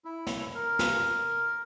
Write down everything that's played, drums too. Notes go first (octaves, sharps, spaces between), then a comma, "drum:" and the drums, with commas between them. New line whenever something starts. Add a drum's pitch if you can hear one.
E4
drum: snare
A#4
drum: snare